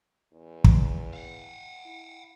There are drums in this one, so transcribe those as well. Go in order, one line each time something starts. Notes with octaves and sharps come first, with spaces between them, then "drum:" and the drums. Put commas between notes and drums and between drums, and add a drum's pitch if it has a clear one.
E2
drum: kick
F5 F#5
E4